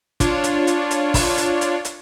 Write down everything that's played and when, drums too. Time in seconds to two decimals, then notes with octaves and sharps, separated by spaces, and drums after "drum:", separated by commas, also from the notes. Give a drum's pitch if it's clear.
0.20 D4 F4 C#5, drum: kick, hi-hat
0.44 drum: hi-hat
0.67 drum: hi-hat
0.91 drum: hi-hat
1.14 drum: kick, open hi-hat
1.38 drum: hi-hat
1.61 drum: hi-hat
1.85 drum: hi-hat